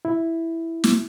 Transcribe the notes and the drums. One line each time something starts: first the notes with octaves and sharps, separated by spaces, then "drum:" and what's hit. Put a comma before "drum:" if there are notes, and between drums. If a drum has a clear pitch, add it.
E4
drum: snare